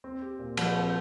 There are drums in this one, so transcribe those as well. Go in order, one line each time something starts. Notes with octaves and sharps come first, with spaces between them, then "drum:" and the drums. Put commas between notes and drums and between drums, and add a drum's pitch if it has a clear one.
C4
G4
A#2
F3, drum: cymbal
C4